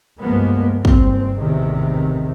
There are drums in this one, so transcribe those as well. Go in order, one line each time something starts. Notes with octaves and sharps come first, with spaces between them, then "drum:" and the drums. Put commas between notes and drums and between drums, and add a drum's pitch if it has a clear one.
C#2 G2 F3 G#3 A#3 B3
F#1 G2 C4, drum: kick
A1 E2 C3 D#3